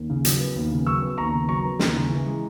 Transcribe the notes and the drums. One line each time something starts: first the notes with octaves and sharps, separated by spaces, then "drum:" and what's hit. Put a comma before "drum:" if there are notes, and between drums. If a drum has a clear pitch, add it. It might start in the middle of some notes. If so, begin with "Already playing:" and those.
Already playing: D#2
C#3
F#3, drum: hi-hat
B3
D#2
C#3
F#3 C#6 E6
B3
D#2 A#5 C#6
C#3
F#3 A#5 C#6
B3
D#2, drum: snare
C#3
E3
G#3